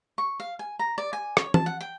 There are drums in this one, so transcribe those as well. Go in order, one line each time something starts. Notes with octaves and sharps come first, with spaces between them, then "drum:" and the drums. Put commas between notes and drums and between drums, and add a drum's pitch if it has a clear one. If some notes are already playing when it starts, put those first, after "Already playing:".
C#6
F5
G#5
A#5
D5
G#5
C#5, drum: rim click
A5, drum: tom
F#5
G5